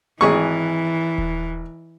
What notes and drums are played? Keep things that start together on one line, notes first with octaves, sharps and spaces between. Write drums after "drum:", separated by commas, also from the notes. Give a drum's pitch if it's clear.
G#1 E3 G#4 C#6
drum: kick D#1